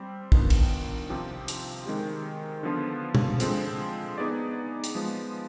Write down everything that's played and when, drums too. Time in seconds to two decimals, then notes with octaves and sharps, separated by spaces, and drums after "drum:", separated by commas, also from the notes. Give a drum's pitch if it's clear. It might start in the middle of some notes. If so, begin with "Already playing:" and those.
Already playing: G3 C4 G4
0.32 D#3 B3 D4 F4, drum: kick
0.50 drum: cymbal
1.09 C3 F3 C4 G4
1.48 drum: hi-hat
1.86 D#3 G#3 C4 G4
2.63 D3 F3 B3 F4
3.15 drum: tom
3.40 D3 F3 G#3 C4, drum: hi-hat
4.18 B3 D#4 G#4 D5
4.84 drum: hi-hat
4.95 F3 G#3 B3